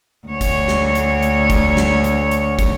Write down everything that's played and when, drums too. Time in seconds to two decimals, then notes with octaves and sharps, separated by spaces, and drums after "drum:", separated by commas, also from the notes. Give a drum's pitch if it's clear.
0.27 D2 C#5
0.41 drum: kick, hi-hat
0.68 drum: snare
0.95 drum: hi-hat
1.23 drum: hi-hat
1.50 drum: kick, hi-hat
1.77 drum: snare
2.04 drum: hi-hat
2.31 drum: hi-hat
2.59 drum: kick, hi-hat